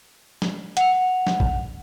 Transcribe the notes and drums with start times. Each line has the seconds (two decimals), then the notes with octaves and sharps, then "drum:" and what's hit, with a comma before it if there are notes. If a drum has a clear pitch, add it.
0.42 drum: snare
0.77 F#5 F7, drum: hi-hat
1.27 drum: snare
1.40 drum: kick